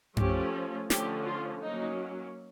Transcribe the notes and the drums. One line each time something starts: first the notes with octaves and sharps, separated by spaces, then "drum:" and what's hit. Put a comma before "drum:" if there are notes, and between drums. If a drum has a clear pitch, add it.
F3 A3 C#4 G4, drum: tom F#2
D3 F3 A3 C#4 G4, drum: snare
F4
F#3 A#3 C#4 D#4